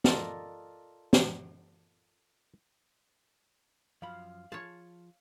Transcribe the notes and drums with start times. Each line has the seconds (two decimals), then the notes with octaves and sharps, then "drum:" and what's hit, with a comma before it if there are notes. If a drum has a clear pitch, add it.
0.04 F4 A4 A#4 D5 D#5, drum: snare
1.13 drum: snare
4.02 F#2 F3 F5 B5
4.52 F3 F4 G#4 C#5 A5